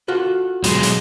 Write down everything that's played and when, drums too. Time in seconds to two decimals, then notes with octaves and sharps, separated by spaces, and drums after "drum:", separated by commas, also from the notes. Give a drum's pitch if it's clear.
0.08 F4 F#4 A4
0.64 B1 G#3, drum: hi-hat
0.83 drum: hi-hat